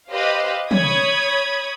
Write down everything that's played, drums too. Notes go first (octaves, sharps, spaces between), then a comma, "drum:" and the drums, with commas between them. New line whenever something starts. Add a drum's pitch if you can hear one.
G4 B4 C5 D#5 F5
C#5 B5 D#6 G#6, drum: tom